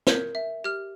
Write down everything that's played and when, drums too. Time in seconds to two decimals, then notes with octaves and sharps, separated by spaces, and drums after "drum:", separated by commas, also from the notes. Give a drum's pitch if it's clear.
0.07 A#4 G6 G#6, drum: snare
0.35 E5
0.64 G4 F6